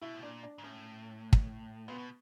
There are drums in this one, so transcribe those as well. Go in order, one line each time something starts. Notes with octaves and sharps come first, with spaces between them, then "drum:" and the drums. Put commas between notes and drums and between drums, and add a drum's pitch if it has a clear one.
B2 E4
A2
A#2 D4
D4
G#2
A2 C#4
drum: kick
A#2 B3
B2